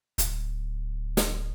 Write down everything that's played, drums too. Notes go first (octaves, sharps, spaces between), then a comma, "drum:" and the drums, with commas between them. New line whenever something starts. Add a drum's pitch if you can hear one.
D1, drum: hi-hat
drum: snare